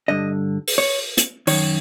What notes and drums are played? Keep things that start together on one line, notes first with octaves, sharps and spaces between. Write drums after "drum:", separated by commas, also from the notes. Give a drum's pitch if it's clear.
G2 D3 D#5
drum: open hi-hat
C#5
drum: hi-hat
F#2 D#3 C#5, drum: open hi-hat